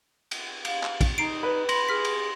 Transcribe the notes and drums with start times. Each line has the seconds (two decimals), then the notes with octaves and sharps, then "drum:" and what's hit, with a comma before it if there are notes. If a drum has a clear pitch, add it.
0.31 drum: cymbal
0.65 F5, drum: cymbal
0.83 drum: clap
1.01 drum: kick, cymbal
1.18 D#4 A#5 C7 D7
1.43 B4
1.69 B5 C6 A#6 F#7, drum: cymbal
1.89 G#4 F6 B6
2.05 drum: cymbal